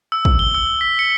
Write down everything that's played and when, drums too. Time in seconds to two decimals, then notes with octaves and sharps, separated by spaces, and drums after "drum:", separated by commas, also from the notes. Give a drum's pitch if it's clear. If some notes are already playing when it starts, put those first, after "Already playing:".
0.12 E6
0.25 drum: kick
0.39 G7
0.54 E6
0.81 B6
0.99 C#7